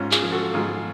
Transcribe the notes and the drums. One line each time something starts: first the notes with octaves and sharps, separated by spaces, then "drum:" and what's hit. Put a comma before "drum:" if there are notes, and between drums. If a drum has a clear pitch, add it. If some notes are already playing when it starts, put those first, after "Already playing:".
Already playing: G#2 C#4 F4
F4 G#4, drum: clap
F3
F#4 A4
G#2 F4 G#4